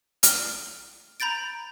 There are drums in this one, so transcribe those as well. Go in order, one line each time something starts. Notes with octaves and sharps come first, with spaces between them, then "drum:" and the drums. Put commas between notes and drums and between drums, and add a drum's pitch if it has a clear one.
F6, drum: hi-hat
A#5 B5 G6 A6 D7